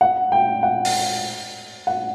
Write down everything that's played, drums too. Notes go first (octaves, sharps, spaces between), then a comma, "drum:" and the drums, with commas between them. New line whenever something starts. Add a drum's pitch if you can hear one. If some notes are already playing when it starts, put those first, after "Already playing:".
F#5
G5
F#5
drum: open hi-hat
F#5